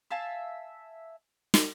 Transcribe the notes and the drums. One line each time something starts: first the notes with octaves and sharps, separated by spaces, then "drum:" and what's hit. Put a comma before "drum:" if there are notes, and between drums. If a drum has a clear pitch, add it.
E5 F5 G#5 A5
drum: snare